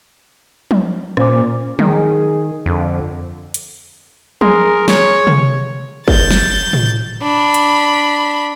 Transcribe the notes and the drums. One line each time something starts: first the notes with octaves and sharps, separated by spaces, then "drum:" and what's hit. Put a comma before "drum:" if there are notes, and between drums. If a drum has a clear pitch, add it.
drum: tom F3
A#2 C#4 C5 D6, drum: rim click
D#3 G#4, drum: tom F3
F2 D3
drum: hi-hat
G#4 A#4 C6 D#6, drum: tom F3
C#5, drum: snare
drum: tom C3
G6 A6, drum: kick
drum: snare
drum: tom A2
D4 B5
drum: hi-hat